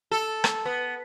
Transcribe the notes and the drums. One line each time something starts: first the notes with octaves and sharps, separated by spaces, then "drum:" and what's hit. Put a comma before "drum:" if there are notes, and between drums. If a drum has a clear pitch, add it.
A4
drum: rim click
B3